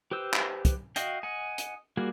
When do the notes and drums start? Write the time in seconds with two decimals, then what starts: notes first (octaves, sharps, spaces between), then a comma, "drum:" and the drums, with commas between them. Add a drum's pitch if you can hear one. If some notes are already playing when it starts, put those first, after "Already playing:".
0.11 G4 B4 C5 E6
0.34 drum: clap
0.65 drum: kick, hi-hat
0.96 F#4 D#5 F5 G5, drum: hi-hat
1.23 D#5 F#5 G#5
1.58 drum: hi-hat
1.97 G3 A#3 F#4 G#4